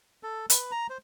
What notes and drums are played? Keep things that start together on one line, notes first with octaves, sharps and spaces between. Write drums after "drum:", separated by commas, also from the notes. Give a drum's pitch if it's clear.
A4
B4, drum: hi-hat
A#5
C5